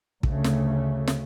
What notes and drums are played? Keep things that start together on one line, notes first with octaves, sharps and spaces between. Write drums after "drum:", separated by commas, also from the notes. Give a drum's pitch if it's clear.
D2 C#3 A3, drum: kick
drum: snare
drum: snare